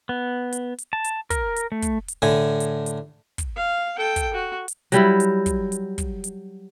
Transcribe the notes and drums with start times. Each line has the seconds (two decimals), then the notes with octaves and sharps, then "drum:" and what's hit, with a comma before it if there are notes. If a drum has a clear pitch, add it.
0.09 B3
0.52 drum: hi-hat
0.78 drum: hi-hat
0.93 A5
1.04 drum: hi-hat
1.30 A#4, drum: kick, hi-hat
1.56 drum: hi-hat
1.72 A3
1.82 drum: kick, hi-hat
2.08 drum: hi-hat
2.22 A2 D3 G#5
2.60 drum: hi-hat
2.86 drum: hi-hat
3.38 drum: kick, hi-hat
3.56 F5
3.98 A4 G5
4.16 drum: kick, hi-hat
4.34 F#4
4.68 drum: hi-hat
4.92 F#3 G3 E4, drum: hi-hat
5.20 drum: hi-hat
5.46 drum: kick, hi-hat
5.72 drum: hi-hat
5.98 drum: kick, hi-hat
6.24 drum: hi-hat